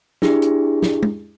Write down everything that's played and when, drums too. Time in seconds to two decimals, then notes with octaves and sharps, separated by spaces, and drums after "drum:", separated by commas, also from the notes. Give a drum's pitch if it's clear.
0.22 D4 E4 G4 G#4, drum: snare
0.42 drum: hi-hat
0.82 drum: snare
1.03 drum: tom